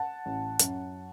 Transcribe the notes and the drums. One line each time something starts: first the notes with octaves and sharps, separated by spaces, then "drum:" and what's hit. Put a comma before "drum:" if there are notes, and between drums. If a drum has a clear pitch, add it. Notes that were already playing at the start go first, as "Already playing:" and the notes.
Already playing: F#5 A5
A1
F#2, drum: hi-hat